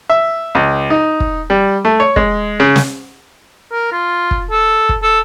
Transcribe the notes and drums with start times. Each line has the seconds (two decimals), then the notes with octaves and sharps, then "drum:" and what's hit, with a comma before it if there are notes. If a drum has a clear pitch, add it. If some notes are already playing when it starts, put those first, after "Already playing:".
0.10 E5
0.55 C#2
0.90 D#4
1.20 drum: kick
1.50 G3
1.85 A3
2.00 C#5
2.16 G#3, drum: kick
2.60 C#3
2.76 drum: snare
3.72 A#4
3.92 F4
4.31 drum: kick
4.51 A4
4.89 drum: kick
5.03 A4